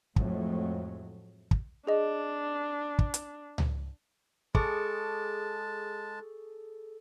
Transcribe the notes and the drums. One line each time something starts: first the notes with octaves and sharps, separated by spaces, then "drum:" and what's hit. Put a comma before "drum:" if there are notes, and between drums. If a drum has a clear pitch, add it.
F2 A2 F#3 G#3 A3, drum: kick
drum: kick
D4 G#4 D#5
drum: kick
drum: hi-hat
drum: tom C#2
G#3 G#4 A4 A5 C#6 D6, drum: kick